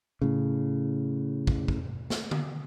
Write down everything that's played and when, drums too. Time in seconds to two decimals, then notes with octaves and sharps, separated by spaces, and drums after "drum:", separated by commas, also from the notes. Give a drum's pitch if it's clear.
0.22 A2 C#3
1.47 drum: kick
1.68 drum: kick
2.10 drum: snare
2.31 drum: tom D3